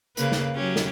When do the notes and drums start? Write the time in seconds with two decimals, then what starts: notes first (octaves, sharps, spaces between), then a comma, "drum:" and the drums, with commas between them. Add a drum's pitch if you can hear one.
0.17 C#3 A#3 B4, drum: hi-hat
0.32 drum: snare
0.54 F#3 C#4 G4
0.76 drum: snare